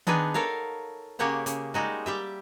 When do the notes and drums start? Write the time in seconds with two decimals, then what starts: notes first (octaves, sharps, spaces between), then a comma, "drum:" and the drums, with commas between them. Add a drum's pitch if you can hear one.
0.07 B3 D4 D#4 G#4 B4, drum: tom D#3
0.34 A4 A#4 C#5 F5
1.19 C#3 A#3 G4 C#5 F#5
1.46 C#3, drum: hi-hat
1.74 G3 G#3 D#4 F#4
2.06 G3 G4 E5